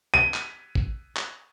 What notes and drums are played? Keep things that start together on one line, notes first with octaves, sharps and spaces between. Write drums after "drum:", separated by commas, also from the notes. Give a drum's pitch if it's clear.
D#7
drum: clap
drum: kick
drum: clap